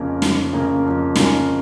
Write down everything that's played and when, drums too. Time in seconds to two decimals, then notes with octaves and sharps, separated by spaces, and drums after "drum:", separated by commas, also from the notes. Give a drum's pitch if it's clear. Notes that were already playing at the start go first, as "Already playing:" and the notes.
Already playing: F2 C#3 A#3 C#4 A#4
0.22 F2, drum: snare
0.53 C#3 A#3 C#4 A#4
0.85 F2
1.16 C#3 A#3 C#4 A#4, drum: snare